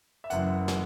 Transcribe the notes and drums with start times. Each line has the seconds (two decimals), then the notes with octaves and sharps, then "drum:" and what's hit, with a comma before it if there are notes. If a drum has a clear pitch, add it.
0.24 E5
0.30 F#1 F#2 E3 F#5, drum: hi-hat
0.68 E3, drum: snare